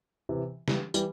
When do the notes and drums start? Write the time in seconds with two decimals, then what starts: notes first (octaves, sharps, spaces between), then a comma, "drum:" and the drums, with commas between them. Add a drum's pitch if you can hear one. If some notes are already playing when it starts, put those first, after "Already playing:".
0.29 C3 E3
0.68 E3 G3, drum: snare
0.94 E3 G3, drum: tambourine